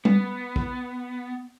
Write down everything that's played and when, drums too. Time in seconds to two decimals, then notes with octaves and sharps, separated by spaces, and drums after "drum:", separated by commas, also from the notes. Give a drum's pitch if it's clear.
0.05 B3, drum: tom G3
0.56 drum: kick